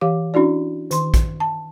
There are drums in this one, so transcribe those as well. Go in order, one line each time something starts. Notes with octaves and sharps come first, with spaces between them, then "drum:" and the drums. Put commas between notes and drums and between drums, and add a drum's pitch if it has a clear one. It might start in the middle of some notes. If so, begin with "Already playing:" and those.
E3 G4 F5 D6
C#4 D4 E4 F#4 D5
D#3 C6, drum: hi-hat
drum: kick, hi-hat
A5